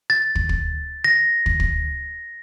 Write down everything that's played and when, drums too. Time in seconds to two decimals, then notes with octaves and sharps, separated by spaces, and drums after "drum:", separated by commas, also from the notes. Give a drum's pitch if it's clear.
0.10 A6
0.35 drum: kick
0.49 drum: kick
1.04 A#6
1.46 drum: kick
1.60 drum: kick